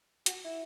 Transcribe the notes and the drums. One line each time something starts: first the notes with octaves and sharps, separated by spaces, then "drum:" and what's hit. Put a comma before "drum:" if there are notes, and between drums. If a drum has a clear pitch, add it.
F#4, drum: hi-hat
E4